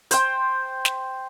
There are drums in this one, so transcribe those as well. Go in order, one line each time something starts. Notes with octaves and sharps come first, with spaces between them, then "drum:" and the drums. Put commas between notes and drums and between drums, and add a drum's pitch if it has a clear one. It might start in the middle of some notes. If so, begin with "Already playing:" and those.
C5 G5, drum: hi-hat
drum: snare